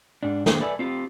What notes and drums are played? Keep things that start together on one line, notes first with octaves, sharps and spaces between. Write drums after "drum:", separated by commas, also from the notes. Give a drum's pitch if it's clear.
G#2 D4
A2 D#3 A#3 D4 G#4 C5, drum: snare
A4 B4 D5 E5 G#5
C4 F4 G4